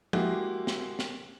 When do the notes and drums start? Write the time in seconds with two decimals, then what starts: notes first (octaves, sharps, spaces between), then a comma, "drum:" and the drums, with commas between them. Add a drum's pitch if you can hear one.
0.13 G#3 A#3 E4 F#4 G4, drum: tom
0.67 drum: snare
0.99 drum: snare